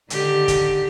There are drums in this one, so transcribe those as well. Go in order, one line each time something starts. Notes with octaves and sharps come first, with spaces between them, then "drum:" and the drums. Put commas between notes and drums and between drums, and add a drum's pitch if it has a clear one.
D3 D#3 G4, drum: hi-hat
drum: kick, hi-hat